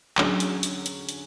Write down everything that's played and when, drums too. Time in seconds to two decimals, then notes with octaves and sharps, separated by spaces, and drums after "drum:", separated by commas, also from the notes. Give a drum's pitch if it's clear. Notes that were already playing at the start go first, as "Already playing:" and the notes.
0.18 D3 F#3 C#4 G#4, drum: clap
0.40 drum: hi-hat
0.63 drum: hi-hat
0.86 drum: hi-hat
1.09 drum: hi-hat